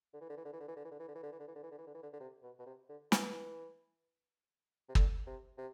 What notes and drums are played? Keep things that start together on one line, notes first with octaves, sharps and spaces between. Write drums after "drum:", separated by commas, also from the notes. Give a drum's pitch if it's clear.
D3
E3
D3
E3
D3
E3
D3
E3
D3
E3
D3
E3
D3
E3
D3
E3
D3
E3
D3
E3
D3
E3
D3
E3
D3
D3
C3
B2
B2
C3
D3
E3, drum: snare
C3
D3, drum: kick
C3
C3